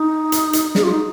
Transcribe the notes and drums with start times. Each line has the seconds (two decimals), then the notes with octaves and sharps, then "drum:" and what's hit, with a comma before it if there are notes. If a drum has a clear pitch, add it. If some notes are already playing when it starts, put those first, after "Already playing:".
Already playing: D#4
0.32 drum: hi-hat
0.53 drum: hi-hat
0.75 G#4, drum: snare
0.83 F4
0.91 D#4